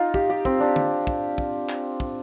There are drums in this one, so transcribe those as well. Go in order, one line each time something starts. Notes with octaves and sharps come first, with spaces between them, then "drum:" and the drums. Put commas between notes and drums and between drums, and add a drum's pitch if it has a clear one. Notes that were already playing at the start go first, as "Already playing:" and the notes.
Already playing: D#4 F4
G4, drum: kick
G4
C4, drum: kick
D4
drum: tom D3
drum: kick
drum: kick
drum: clap
drum: kick